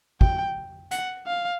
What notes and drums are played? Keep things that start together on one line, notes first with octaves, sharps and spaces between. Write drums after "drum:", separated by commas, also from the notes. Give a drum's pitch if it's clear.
G5, drum: kick
F#5, drum: hi-hat
F5